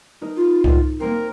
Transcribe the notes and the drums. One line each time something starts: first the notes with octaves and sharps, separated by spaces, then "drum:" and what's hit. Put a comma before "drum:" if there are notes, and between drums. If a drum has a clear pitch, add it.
D#4 A#4
F4
drum: kick C2
A#3 C4 A#4